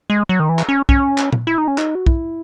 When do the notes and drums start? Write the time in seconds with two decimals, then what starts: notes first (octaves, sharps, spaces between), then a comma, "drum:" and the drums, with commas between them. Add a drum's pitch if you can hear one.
0.10 G#3
0.29 F#3
0.40 D#3
0.49 E3
0.59 drum: clap
0.69 C#4
0.89 C#4, drum: kick
1.18 drum: clap
1.33 drum: tom A#2
1.47 E4
1.58 D#4
1.68 C#4
1.78 D#4, drum: clap
1.95 F#4
2.06 E4, drum: kick